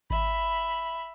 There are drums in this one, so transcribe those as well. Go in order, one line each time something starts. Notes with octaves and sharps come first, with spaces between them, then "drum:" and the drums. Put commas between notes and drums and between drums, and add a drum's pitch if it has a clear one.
E5 B5, drum: kick G#1